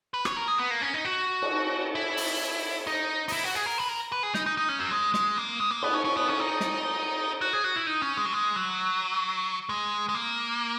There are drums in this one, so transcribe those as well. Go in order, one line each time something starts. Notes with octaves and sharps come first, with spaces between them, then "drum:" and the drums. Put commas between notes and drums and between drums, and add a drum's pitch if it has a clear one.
B4
C#5, drum: rim click
A#4
G#4
B3
A#3
C#4
D#4
F#4
drum: cymbal
E4
drum: open hi-hat
D#4
D#4, drum: open hi-hat
E4
F#4
G#4
A#4
B4
A#4
B4
G#4
D#4, drum: snare
D#4
D#4
C#4
F#3
G#3
G#3, drum: snare
A#3
G#3
A#3
B3, drum: cymbal
C#4
C#4
B3
C#4
D#4
drum: snare
F#4
G#4
F#4
E4
D#4
C#4
G#3
F#3
G#3
F#3
G#3
G#3
A#3